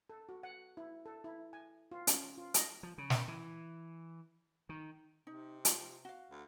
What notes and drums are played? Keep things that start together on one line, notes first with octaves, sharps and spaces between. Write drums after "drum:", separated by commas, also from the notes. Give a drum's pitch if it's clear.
A4
F#4
F#5
E4
A4
E4
G#5
F4
C#4, drum: hi-hat
F4
D#5, drum: hi-hat
F3
C#3
drum: snare
E3
D#3
C3 D#4
F4, drum: hi-hat
F#4 F5
D2